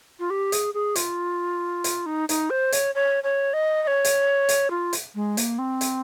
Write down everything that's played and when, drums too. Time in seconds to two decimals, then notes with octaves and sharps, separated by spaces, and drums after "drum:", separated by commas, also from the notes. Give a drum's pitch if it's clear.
0.20 F4
0.30 G4
0.52 G#4, drum: hi-hat
0.74 G#4
0.96 F4, drum: hi-hat
1.84 drum: hi-hat
2.06 D#4
2.29 D#4, drum: hi-hat
2.50 C5
2.72 C#5, drum: hi-hat
2.95 C#5
3.23 C#5
3.53 D#5
3.82 D#5
3.87 C#5
4.05 drum: hi-hat
4.49 drum: hi-hat
4.70 F4
4.93 drum: hi-hat
5.15 G#3
5.37 A#3, drum: hi-hat
5.58 C4
5.81 drum: hi-hat